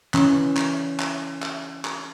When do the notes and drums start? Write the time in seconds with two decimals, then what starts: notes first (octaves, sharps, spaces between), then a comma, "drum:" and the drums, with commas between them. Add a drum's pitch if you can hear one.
0.14 E3 C#4, drum: clap
0.57 drum: clap
1.00 drum: clap
1.42 drum: clap
1.85 drum: clap